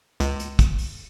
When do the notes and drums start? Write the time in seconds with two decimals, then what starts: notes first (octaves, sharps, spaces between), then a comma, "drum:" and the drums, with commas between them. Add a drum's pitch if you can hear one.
0.20 C#2, drum: hi-hat
0.39 drum: hi-hat
0.59 drum: kick, hi-hat
0.78 drum: open hi-hat